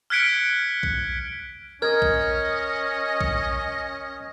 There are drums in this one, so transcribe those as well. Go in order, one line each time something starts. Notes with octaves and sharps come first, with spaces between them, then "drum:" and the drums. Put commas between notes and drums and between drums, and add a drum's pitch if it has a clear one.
F6 F#6 G#6 B6 C#7 D7
drum: kick B1
C#4 A#4 D#5 F6 G#6
drum: kick B1
drum: kick B1